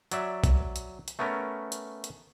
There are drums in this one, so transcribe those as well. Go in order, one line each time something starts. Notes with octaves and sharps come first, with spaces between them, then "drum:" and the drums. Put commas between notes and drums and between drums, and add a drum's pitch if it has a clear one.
F#3 D5 E5, drum: hi-hat
drum: kick, hi-hat
drum: hi-hat
drum: hi-hat
A3 B3 C#4 A#4
drum: hi-hat
drum: hi-hat